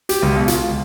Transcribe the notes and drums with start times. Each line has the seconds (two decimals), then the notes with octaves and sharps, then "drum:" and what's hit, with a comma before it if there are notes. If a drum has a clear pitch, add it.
0.09 G4, drum: hi-hat
0.22 C#2
0.36 B1
0.48 F4, drum: hi-hat
0.69 C#2